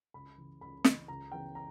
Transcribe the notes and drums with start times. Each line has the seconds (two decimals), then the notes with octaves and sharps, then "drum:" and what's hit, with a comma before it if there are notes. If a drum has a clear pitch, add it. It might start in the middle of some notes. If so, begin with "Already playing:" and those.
0.14 C#2 B5
0.38 C#3 E3
0.61 C#2 B5
0.84 C#3 E3, drum: snare
1.08 C#2 A#5
1.32 C#3 E3 B3 G5
1.55 A#5